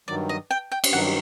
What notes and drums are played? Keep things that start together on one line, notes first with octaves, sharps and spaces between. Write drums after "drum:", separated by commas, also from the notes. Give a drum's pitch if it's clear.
G2 D#3 F#3 D5
D#5
G5
G5
drum: cymbal
G2 D#3 F#3 F#5